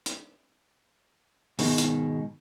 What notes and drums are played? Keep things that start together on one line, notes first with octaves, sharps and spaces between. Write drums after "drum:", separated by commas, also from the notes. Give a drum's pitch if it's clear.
drum: hi-hat
G#2 B2 D#3 G#3, drum: open hi-hat
drum: hi-hat